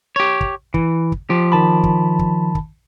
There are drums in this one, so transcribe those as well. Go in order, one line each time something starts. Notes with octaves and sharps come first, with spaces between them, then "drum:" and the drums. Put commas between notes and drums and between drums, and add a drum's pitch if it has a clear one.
G4 C#5
drum: kick
E3, drum: kick
drum: kick
F3 G4
D#3 A5 B5
drum: kick
drum: kick
drum: kick